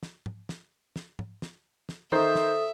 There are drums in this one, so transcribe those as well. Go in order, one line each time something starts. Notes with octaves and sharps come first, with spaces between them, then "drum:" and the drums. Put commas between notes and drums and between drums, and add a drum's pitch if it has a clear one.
drum: snare
drum: tom G#2
drum: snare
drum: snare
drum: tom G#2
drum: snare
drum: snare
D#3 A4 C5 E5 A#5 D#6, drum: tom
drum: snare